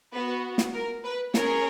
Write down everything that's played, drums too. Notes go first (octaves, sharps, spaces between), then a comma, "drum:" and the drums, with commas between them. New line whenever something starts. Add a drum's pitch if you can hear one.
B3 F#4 B4
drum: snare
A#4
B4
C#4 G#4 A#4 C#5, drum: snare